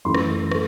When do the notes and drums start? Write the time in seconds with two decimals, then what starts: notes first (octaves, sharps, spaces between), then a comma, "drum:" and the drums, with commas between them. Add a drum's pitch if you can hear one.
0.05 F#2 E3 A3 C6
0.14 drum: rim click
0.51 A3, drum: rim click